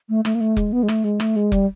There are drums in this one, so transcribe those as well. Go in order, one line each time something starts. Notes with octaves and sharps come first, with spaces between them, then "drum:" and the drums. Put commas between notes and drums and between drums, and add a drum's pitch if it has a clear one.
A3
A3, drum: rim click
A#3
A3
G#3, drum: kick F1
B3
G#3
A3, drum: rim click
G#3
A3, drum: rim click
G#3
G3, drum: kick F1